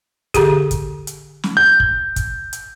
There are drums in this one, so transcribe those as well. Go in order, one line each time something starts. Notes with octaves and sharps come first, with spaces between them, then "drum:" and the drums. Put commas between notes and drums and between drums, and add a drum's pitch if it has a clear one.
D3 G4 G#4, drum: kick, hi-hat
drum: kick, hi-hat
drum: hi-hat
drum: snare
G6
drum: kick
drum: kick, hi-hat
drum: hi-hat